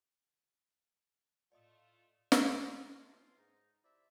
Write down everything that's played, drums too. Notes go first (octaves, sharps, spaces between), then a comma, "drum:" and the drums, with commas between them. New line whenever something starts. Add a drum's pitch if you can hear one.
A2 A3 F4 D5 D#5 D#6
drum: snare
D6
G4 B4 C5 F5
E5 F#5 A5 A#5 C6
B3 C#4 E4 F4
G#2 D#4
C3 E4 D5 E5